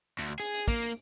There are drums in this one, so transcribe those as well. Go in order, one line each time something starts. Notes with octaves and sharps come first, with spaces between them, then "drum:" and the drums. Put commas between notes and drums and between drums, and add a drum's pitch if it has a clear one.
D2
G#4, drum: hi-hat
drum: hi-hat
A#3, drum: kick, hi-hat
drum: hi-hat